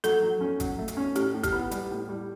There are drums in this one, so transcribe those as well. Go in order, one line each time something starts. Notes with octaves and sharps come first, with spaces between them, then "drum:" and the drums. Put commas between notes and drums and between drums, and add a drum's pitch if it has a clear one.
F#3 A4, drum: hi-hat
F#3
C#4
F#3, drum: kick G#1, hi-hat
A3
drum: hi-hat
C#4
A2 G4, drum: hi-hat
A2
G4, drum: kick G#1, hi-hat
B3
G3, drum: hi-hat
A2
G3